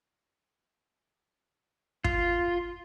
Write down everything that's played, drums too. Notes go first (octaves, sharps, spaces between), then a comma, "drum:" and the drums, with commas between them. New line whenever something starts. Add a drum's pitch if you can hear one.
F4, drum: kick